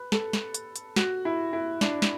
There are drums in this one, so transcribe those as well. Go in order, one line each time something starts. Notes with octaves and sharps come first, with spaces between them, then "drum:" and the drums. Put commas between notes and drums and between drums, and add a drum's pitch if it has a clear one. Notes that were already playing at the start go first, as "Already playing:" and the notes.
Already playing: B4
A4, drum: snare
drum: snare
drum: hi-hat
drum: hi-hat
F#4, drum: snare
E4
E4
D4, drum: snare
drum: snare